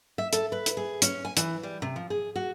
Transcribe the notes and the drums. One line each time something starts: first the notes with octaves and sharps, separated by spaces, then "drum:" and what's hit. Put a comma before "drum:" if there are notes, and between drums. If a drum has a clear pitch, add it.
E5
A4, drum: hi-hat
B4
drum: hi-hat
G#4
C#4, drum: hi-hat
G#5
E3, drum: hi-hat
G3
C3
F3
G#4
F#4